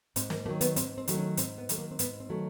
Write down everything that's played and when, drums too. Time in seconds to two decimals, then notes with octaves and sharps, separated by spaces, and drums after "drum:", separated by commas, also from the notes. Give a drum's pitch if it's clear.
0.16 G#2 C4, drum: hi-hat
0.30 A#3, drum: snare
0.46 A3 A#3
0.48 D#3 F#3
0.61 B3, drum: hi-hat
0.76 G#2 C4, drum: hi-hat
0.98 C4
1.08 D#3 F#3 A3, drum: hi-hat
1.18 C#4
1.37 G#2 C4, drum: hi-hat
1.58 B3
1.69 D#3 F#3 A3, drum: hi-hat
1.78 A#3
1.91 C4
1.99 G#2 B3, drum: hi-hat
2.20 C4
2.29 D#3 F#3 A3